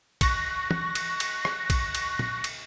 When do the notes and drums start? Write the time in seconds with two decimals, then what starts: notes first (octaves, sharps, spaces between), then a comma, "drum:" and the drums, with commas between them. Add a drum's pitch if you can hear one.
0.21 C#6 F#6 A#6, drum: kick A#1, cymbal
0.71 drum: tom
0.95 drum: cymbal
1.20 drum: cymbal
1.45 drum: rim click
1.70 drum: kick A#1, cymbal
1.95 drum: cymbal
2.19 drum: tom
2.44 drum: cymbal